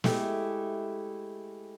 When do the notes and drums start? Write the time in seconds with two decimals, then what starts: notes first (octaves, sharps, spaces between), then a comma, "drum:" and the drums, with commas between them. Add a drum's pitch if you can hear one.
0.04 G#3 A3 E4 G4, drum: snare